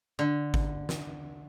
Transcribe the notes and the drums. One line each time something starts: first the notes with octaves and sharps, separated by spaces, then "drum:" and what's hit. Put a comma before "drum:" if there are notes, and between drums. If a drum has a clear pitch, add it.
D3
drum: kick G#1
drum: snare